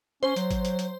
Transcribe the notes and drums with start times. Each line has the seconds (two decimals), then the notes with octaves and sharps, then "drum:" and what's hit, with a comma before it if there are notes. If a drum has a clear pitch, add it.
0.23 C#4 C5
0.36 F#3, drum: hi-hat
0.51 drum: kick G#1, hi-hat
0.65 drum: hi-hat
0.79 drum: hi-hat